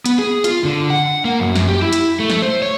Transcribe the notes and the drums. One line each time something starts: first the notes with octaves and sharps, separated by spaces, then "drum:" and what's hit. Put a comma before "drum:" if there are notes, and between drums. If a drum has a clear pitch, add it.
B3, drum: hi-hat
G#4
F4, drum: hi-hat
D3
F#5
A#3
F#2
drum: snare
G4
E4
drum: hi-hat
A3
drum: snare
C5
C#5